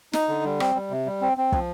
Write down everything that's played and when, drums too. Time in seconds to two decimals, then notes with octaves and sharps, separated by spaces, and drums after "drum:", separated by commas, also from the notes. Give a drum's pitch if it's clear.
0.13 D#4, drum: snare
0.28 D3
0.44 G3
0.60 C4, drum: rim click
0.75 G3
0.90 C3
1.06 G3
1.21 C4
1.38 C4
1.52 F3, drum: kick